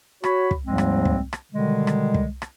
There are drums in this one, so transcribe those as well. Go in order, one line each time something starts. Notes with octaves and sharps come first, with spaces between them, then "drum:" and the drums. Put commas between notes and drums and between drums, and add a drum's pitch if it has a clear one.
F#4 C#5 B5, drum: rim click
drum: kick
D#2 G#2 F3 G3 G#3 C4
drum: rim click
drum: kick
drum: rim click
B2 D3 D#3 G3 G#3
drum: rim click
drum: kick
drum: rim click